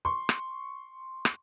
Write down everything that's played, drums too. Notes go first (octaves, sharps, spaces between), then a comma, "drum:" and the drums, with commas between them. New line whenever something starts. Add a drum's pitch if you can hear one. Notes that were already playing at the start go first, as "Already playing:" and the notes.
C6 C#6
drum: rim click
drum: rim click